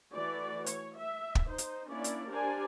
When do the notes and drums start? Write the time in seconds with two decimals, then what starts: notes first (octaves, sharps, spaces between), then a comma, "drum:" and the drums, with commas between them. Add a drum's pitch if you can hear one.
0.14 E3 A3 F#4 D5
0.66 C#5, drum: hi-hat
0.97 E5
1.35 drum: kick
1.47 D#4 C5
1.58 drum: hi-hat
1.89 A#3 C#4 D4 E4 D5
2.04 drum: hi-hat
2.29 D4 G4 A#4 C5 D5 G#5